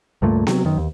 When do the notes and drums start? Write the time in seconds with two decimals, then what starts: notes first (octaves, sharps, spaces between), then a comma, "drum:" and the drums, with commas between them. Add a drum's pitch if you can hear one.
0.22 C#2 G2 A#2 A3
0.47 C3 F#3, drum: snare B3
0.65 F#2 D#3
0.77 D#2